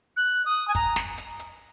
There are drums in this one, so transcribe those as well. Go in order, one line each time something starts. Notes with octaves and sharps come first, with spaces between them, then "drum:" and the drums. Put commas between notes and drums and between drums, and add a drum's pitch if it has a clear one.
F#6
D#6
G#5
A#5, drum: kick, hi-hat
drum: snare
drum: hi-hat
drum: hi-hat